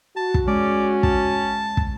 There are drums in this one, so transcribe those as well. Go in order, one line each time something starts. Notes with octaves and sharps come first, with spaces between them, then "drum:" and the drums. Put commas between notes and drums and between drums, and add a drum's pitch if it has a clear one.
F#4 A5
drum: kick
G#3 C#4 D5
A5, drum: kick
drum: kick